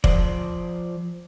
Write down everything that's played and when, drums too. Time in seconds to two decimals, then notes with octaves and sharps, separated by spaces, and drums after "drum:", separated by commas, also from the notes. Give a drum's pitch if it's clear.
0.04 F3 C5 D5, drum: kick F1